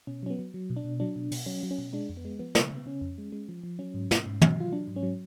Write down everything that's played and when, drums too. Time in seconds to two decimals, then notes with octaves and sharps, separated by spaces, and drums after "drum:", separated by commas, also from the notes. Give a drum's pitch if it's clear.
0.07 B2 C#4
0.23 F#3 C#4
0.30 B3
0.39 F#3
0.54 F#3
0.70 B2
0.77 D4
0.85 B2
1.00 F#3 D4
1.16 B2
1.31 B2, drum: open hi-hat
1.46 F#3 C#4
1.63 F#3
1.71 C#4
1.78 B2
1.93 G#3 D4
2.09 F2
2.17 B3
2.25 G#3
2.39 F3 B3
2.55 C#3, drum: snare
2.71 C#3
2.77 B3
2.86 C#3 C#4
3.01 F2
3.18 G#3
3.32 G#3
3.49 F3
3.63 F3
3.79 F#3 C#4
3.94 G#2
4.11 G#2, drum: snare
4.26 G#2
4.41 F#3, drum: tom
4.56 F#3 F4
4.72 F#3 D4
4.87 G#2
4.96 C#4
5.03 F#3